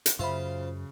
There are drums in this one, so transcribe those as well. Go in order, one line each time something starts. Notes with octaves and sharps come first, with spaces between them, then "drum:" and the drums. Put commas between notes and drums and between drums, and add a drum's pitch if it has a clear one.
drum: hi-hat
F#2 C#3 F4 C5 E5 F5 B5